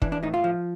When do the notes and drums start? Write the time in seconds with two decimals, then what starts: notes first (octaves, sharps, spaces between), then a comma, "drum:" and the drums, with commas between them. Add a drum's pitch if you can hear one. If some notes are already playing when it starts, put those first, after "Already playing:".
0.02 E3 D4, drum: kick
0.12 D4
0.23 A2 D#4
0.34 F4
0.44 F3